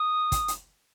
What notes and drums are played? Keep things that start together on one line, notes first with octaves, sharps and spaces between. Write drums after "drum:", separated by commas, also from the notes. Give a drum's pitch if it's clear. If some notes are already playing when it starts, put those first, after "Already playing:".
Already playing: D#6
drum: kick, hi-hat
drum: hi-hat